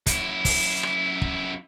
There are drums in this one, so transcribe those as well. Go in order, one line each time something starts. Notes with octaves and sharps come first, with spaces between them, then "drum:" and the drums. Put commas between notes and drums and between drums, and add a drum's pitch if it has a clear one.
F#2 E4, drum: kick, hi-hat
drum: kick, open hi-hat
drum: rim click
drum: kick